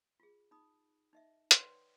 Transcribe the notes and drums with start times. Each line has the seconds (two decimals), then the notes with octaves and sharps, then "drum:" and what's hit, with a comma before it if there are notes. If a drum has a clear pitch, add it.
0.20 F4 G#4
0.51 D#4 B5 D#6
1.13 D#4 D#5 E5
1.51 B4 C#5 D5 F#5 G5 C6, drum: hi-hat